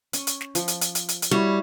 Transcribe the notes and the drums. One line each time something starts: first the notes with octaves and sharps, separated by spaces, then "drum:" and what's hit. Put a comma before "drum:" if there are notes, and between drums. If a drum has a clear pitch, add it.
C#4, drum: hi-hat
drum: hi-hat
drum: snare
F3, drum: hi-hat
drum: hi-hat
drum: hi-hat
drum: hi-hat
drum: hi-hat
drum: hi-hat
G3 E4 F#4 C#5